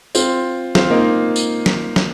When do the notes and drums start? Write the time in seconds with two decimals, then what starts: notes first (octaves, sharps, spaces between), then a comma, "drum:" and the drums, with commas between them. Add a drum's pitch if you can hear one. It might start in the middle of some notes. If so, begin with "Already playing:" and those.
0.15 C4 F4, drum: tambourine
0.75 C4 F4, drum: snare
0.90 A#3 D#4
1.36 drum: tambourine
1.66 drum: snare
1.96 drum: snare